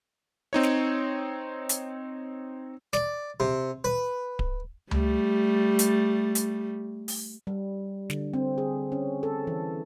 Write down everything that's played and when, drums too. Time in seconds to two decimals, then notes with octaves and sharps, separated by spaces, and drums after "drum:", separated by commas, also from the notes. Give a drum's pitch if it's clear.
0.53 C4 D#4 C#5
0.63 drum: snare
1.69 drum: hi-hat
2.93 D5, drum: snare
3.40 C3
3.84 B4
4.39 drum: kick D1
4.91 G3 A3, drum: tom C#2
5.79 drum: hi-hat
6.35 drum: hi-hat
7.08 drum: open hi-hat
7.47 G3
8.10 D3, drum: snare
8.34 C4
8.58 G#4
8.92 C#4
9.23 A4
9.47 E3